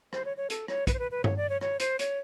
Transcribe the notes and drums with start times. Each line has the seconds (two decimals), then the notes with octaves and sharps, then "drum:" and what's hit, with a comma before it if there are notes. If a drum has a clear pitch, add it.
0.13 C5, drum: rim click
0.25 C#5
0.37 C#5
0.50 A4, drum: hi-hat
0.68 C#5, drum: rim click
0.87 B4, drum: kick, hi-hat
0.94 C5
0.99 B4
1.11 B4
1.24 C#5, drum: tom G2
1.37 D5
1.49 C#5
1.61 C#5, drum: rim click
1.80 C5, drum: hi-hat
1.99 C#5, drum: hi-hat